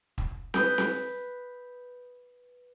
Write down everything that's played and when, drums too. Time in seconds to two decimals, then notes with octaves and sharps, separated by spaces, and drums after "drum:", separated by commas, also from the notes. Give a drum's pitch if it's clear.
0.18 drum: kick
0.54 B4 D#6 G6, drum: snare C4
0.78 drum: snare C4